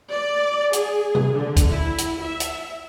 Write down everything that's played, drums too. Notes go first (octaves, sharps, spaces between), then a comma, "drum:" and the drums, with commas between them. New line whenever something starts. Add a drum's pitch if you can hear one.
D5
G#4, drum: hi-hat
drum: tom C3
D3
drum: kick, hi-hat
E4
drum: hi-hat
E5
drum: hi-hat